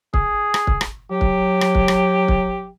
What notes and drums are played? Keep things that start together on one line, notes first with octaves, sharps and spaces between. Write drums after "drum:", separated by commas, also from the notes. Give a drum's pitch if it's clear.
G#4, drum: kick
drum: rim click
drum: kick
drum: rim click
F#3 G4
drum: kick
drum: rim click
drum: kick
drum: rim click
drum: kick